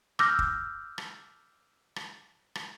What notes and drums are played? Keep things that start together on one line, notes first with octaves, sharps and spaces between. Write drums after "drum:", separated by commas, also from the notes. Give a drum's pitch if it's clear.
D6 E6 F6 G6 A#6, drum: rim click
drum: kick
drum: rim click
drum: rim click
drum: rim click